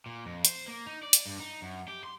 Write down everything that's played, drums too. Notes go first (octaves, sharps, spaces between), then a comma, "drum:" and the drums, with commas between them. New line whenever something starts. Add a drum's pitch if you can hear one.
A#2
F2
C5, drum: hi-hat
A#3
D#4
D5
drum: hi-hat
G2
D#4
F#2
G4
C6